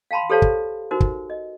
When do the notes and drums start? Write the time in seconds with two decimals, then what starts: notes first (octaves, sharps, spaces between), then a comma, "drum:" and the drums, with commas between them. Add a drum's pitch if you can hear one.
0.11 F5 G5 A5 B5 C6
0.30 G4 A4 C5 C#5 F5 A5
0.42 drum: kick
0.91 D#4 F#4 A#4 C5
1.00 drum: kick
1.30 D#5